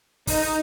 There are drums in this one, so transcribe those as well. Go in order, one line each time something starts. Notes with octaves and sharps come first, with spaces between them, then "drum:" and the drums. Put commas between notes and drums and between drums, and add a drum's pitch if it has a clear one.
D#4, drum: kick, open hi-hat